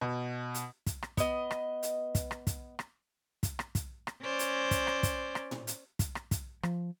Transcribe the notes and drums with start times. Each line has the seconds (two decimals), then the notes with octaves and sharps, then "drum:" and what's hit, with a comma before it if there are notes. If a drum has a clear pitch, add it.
0.01 B2
0.54 drum: hi-hat
0.86 drum: kick, hi-hat
1.02 drum: rim click
1.17 B3 D#5, drum: kick, hi-hat
1.51 drum: rim click
1.83 drum: hi-hat
2.15 drum: kick, hi-hat
2.31 drum: rim click
2.47 drum: kick, hi-hat
2.79 drum: rim click
3.43 drum: kick, hi-hat
3.59 drum: rim click
3.75 drum: kick, hi-hat
4.07 drum: rim click
4.22 C#4 C5 D5
4.39 drum: hi-hat
4.71 drum: kick, hi-hat
4.87 drum: rim click
5.03 drum: kick, hi-hat
5.35 drum: rim click
5.51 drum: tom A2
5.67 drum: hi-hat
5.99 drum: kick, hi-hat
6.15 drum: rim click
6.31 drum: kick, hi-hat
6.63 F3, drum: rim click